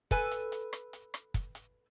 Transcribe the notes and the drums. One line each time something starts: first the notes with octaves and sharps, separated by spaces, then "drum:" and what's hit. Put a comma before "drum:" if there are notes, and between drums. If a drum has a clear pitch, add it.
A4 B4 G#5, drum: kick, hi-hat
drum: hi-hat
drum: hi-hat
drum: rim click
drum: hi-hat
drum: rim click
drum: kick, hi-hat
drum: hi-hat